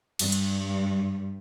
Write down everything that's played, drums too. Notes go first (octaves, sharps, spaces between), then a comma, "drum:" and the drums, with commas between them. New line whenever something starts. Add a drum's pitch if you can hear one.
G2, drum: cymbal
drum: hi-hat